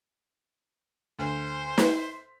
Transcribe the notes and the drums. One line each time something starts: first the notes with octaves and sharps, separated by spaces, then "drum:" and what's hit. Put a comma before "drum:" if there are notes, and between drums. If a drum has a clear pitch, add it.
D2 C5
B6, drum: snare